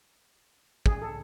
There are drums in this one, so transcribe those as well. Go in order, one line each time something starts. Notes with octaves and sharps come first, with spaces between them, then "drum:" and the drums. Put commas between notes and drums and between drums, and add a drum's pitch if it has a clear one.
G#4, drum: kick
A4